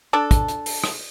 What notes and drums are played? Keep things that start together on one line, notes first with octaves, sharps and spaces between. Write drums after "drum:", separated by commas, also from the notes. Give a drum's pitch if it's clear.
D4 A4
drum: kick, hi-hat
drum: hi-hat
drum: open hi-hat
drum: rim click